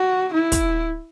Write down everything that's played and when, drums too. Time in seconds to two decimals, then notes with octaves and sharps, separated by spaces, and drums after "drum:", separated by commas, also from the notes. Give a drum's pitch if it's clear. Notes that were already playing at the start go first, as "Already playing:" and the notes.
Already playing: F#4
0.33 E4
0.52 drum: kick, hi-hat